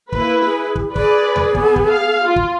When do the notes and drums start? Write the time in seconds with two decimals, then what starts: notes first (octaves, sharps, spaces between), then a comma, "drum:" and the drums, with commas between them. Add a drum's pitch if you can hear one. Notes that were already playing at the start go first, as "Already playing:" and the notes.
0.12 A#3 E4 B4, drum: kick
0.45 G#4
0.76 drum: kick
0.96 G#4 B4 D5, drum: kick
1.36 drum: tom D#2
1.55 B3, drum: kick
1.76 drum: kick
1.91 F5
2.25 F4
2.36 drum: kick